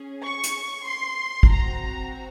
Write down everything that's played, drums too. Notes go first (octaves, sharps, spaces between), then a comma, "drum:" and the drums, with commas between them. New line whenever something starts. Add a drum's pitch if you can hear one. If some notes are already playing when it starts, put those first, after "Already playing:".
Already playing: C#4 G#4
C#6
drum: hi-hat
C6
drum: kick
C4 F#4 A#5